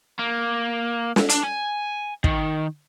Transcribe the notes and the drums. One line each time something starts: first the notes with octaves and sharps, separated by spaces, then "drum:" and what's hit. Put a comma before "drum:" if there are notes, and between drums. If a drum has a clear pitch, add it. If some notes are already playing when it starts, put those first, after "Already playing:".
A#3
drum: snare
D4, drum: hi-hat
G#5
D#3, drum: kick